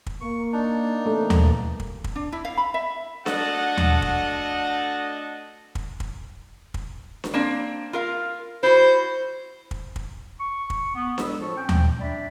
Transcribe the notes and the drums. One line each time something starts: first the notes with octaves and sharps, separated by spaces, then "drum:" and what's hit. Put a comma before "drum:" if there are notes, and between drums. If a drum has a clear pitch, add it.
drum: kick
A#3 C#6
D4 D#4
C3 E3 A3 A#3
drum: tom D#2
drum: kick
drum: kick
D4
E4
F5
B5
E5
A3 D4 F#4 A4 D#5 F#5, drum: snare D4
drum: tom D#2
drum: kick
drum: kick
drum: kick
drum: kick
drum: snare D4
A#3 C4 D4
F4 A#4 F5
E4 F#4 C5
drum: kick
drum: kick
C#6
drum: kick
B3
A2 G#3 G#4 B5 E6, drum: snare D4
A2 F3 F4 A4 C#6
C4 C#4 G5
drum: tom D#2
D4 D5 E5 B5